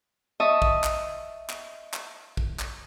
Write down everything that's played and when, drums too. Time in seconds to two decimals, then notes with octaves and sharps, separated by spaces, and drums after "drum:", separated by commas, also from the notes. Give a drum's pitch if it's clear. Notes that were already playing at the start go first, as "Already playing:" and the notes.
0.40 D#5 E5 A5 C#6 D#6
0.62 drum: kick
0.84 drum: clap
1.50 drum: clap
1.93 drum: clap
2.37 drum: kick
2.59 drum: clap